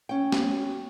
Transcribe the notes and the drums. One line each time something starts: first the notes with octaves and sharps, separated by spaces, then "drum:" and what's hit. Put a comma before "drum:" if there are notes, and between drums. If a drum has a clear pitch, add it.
C#4 G5
drum: snare